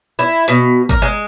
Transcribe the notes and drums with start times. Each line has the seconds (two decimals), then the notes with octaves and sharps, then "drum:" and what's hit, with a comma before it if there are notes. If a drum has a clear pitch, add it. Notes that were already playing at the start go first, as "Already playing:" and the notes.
0.19 E4
0.48 B2
0.89 A#4, drum: kick
1.02 G#3